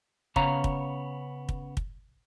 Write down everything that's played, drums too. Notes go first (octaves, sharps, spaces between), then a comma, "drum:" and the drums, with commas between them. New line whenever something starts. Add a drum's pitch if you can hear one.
C#3 B3 C#5 F5 A#5, drum: kick
drum: kick
drum: kick
drum: kick